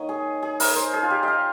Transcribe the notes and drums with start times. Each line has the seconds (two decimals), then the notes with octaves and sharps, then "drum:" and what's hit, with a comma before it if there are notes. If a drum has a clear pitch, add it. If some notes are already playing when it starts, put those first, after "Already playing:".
Already playing: D#3 A#3 D#4 C#5 D#5
0.09 G#4
0.43 G#4
0.60 A#4, drum: open hi-hat
0.76 C5
0.94 G#4
1.03 F4
1.10 G4
1.23 D#5 F5